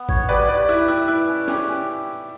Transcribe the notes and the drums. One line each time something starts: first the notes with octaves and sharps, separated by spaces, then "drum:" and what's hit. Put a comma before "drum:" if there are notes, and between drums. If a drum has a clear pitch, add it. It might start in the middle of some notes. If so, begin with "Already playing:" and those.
Already playing: B3
C#5, drum: kick
G4 B4 D5
G4 B4 D5
E4 B4
E4 B4
E4 B4
C#4
G4, drum: snare